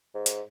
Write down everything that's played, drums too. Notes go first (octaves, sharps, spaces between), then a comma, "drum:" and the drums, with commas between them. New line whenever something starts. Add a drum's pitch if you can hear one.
G#2
drum: hi-hat